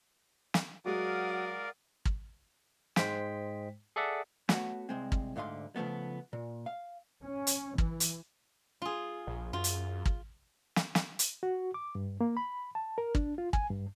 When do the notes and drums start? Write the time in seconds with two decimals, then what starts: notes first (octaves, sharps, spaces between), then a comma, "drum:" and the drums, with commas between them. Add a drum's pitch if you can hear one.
0.54 drum: snare
0.86 F#3 G#3 F#4 A#4 D5 F5 F#5 D#6
2.05 drum: kick
2.96 G#2 G#3 C5 G5 B6, drum: snare
3.96 G#4 A4 D5 E5 F#5
4.49 A3 B3 F#4 C#5 F#5, drum: snare
4.89 C2 G#3 C4
5.12 drum: kick
5.36 D2 G#2 D3 F5 C6
5.76 C#3 F3 G#3 A3 B3
6.33 A#2
6.66 F5
7.23 C#4
7.47 drum: hi-hat
7.78 E3, drum: kick
8.00 drum: hi-hat
8.82 F4 G#4
9.27 A#1
9.53 F#2 F4
9.64 drum: hi-hat
10.05 drum: kick
10.76 drum: snare
10.95 drum: snare
11.19 drum: hi-hat
11.43 F#4
11.74 D6
11.95 G2
12.21 A#3
12.37 B5
12.75 A5
12.98 A#4
13.15 D4, drum: kick
13.38 F4
13.53 G#5, drum: kick
13.70 G2